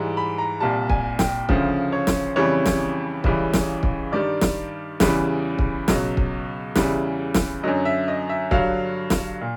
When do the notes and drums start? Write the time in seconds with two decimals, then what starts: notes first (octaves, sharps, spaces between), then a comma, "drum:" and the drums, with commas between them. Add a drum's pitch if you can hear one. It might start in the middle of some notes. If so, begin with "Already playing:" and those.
Already playing: G#2 E3 G3
0.17 B5
0.38 A#5
0.60 C2 A#2 G3 A5
0.90 G#5, drum: kick
1.19 G5, drum: snare
1.49 D2 C#3 F3, drum: kick
1.92 C#5
2.07 drum: snare
2.36 F2 C#3 E3 G3 C#5
2.66 drum: snare
3.24 C#2 C#3 E3 G3, drum: kick
3.54 drum: snare
3.83 drum: kick
4.12 G2 D#3 G3 D5
4.41 drum: snare
5.00 E2 C#3 E3 G3, drum: snare
5.59 drum: kick
5.88 C#2 B2 F#3, drum: snare
6.17 drum: kick
6.76 E2 C#3 E3 G3, drum: snare
7.34 drum: snare
7.63 F#2 D3 F#3 D#5
7.85 E5
8.08 D#5
8.29 E5
8.51 G2 D3 F#3 F5, drum: kick
9.10 drum: snare
9.41 A#2